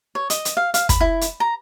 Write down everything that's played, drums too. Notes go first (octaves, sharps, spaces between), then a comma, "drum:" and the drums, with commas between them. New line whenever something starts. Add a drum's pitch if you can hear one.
C#5
D#5, drum: hi-hat
drum: hi-hat
F5
F5, drum: hi-hat
B5, drum: kick, hi-hat
E4
drum: hi-hat
A#5